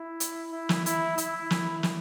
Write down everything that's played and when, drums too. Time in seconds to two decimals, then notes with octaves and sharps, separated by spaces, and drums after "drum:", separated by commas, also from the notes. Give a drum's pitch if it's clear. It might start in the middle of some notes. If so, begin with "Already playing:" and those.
Already playing: E4
0.20 drum: hi-hat
0.52 E4
0.69 drum: snare
0.86 E4, drum: hi-hat
1.18 E4, drum: hi-hat
1.50 drum: snare
1.83 drum: snare